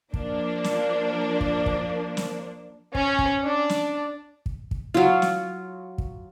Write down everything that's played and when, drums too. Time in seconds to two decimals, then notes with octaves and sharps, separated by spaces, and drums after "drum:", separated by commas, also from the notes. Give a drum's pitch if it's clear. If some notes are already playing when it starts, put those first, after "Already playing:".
0.14 F3 A#3 D4, drum: kick
0.64 drum: snare
1.41 drum: kick
1.66 drum: kick
2.17 drum: snare
2.95 C#4, drum: kick
3.19 drum: kick
3.44 D4
3.69 drum: snare
4.46 drum: kick
4.71 drum: kick
4.94 F#3 F4
5.22 drum: snare
5.98 drum: kick